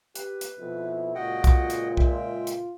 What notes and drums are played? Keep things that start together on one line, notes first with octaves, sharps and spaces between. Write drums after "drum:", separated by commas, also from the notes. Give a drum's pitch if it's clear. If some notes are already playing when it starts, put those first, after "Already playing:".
G4 B4, drum: hi-hat
drum: hi-hat
F2 B2 E4
C#2 A#2 F#4 D#5 F#5 G5
drum: kick, hi-hat
drum: hi-hat
G#3 F4 E5 G5, drum: kick
drum: hi-hat